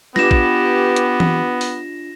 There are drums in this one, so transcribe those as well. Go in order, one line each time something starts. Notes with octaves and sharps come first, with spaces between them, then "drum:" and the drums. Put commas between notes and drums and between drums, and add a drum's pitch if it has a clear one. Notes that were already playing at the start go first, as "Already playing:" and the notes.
B3 D4 F4 G4 B4 A#6 E7, drum: snare
drum: kick
drum: hi-hat
drum: tom E3
drum: open hi-hat